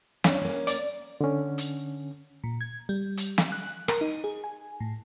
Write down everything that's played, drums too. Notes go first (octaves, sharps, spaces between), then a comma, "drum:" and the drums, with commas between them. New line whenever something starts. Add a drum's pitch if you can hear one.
C#4 D4, drum: snare
A#3 C#4
D5, drum: hi-hat
D3 C#4
drum: hi-hat
A#2
G#6
G3
drum: hi-hat
drum: snare
F#6
A#4, drum: rim click
D#4
G#4
G#5
A2